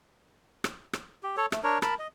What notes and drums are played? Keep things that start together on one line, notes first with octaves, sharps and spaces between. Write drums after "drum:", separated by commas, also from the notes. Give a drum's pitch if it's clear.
drum: rim click
drum: rim click
G4
A4 C#5
A3, drum: rim click
D4 A#4 C#5
A#4 A5 B5, drum: rim click
D#5